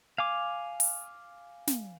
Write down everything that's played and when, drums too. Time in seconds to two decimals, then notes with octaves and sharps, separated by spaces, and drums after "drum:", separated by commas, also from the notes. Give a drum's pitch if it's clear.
0.18 F5 G#5 D6
0.80 drum: open hi-hat
1.67 drum: snare